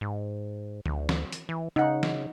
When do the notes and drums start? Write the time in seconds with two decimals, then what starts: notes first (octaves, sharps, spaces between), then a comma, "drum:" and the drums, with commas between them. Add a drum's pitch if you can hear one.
0.01 G#2
0.86 D2, drum: tom D3
1.09 drum: snare
1.32 drum: hi-hat
1.49 E3
1.76 C#3 D#4 F#5
2.03 drum: snare